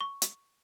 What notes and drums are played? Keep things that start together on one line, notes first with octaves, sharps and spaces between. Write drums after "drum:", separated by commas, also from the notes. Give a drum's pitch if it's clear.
C#6
drum: hi-hat